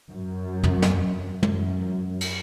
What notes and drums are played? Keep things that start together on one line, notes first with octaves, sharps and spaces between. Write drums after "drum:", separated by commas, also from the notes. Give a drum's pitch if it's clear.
F#2
drum: tom
drum: snare
F#2, drum: tom
drum: cymbal